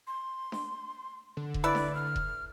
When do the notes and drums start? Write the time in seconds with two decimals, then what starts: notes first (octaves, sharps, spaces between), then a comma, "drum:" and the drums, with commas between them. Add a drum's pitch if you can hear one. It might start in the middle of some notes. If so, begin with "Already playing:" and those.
0.07 C6
0.52 drum: snare D4
1.37 D3
1.54 drum: kick E1
1.64 E4 B4 D5
1.75 drum: snare D4
1.95 F6
2.16 drum: kick E1